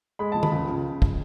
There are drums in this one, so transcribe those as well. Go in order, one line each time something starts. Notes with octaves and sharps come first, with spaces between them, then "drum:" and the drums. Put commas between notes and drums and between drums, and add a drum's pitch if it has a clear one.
G#3 B5
F3 A5
B5, drum: tom D#3
C#2
C#3
drum: kick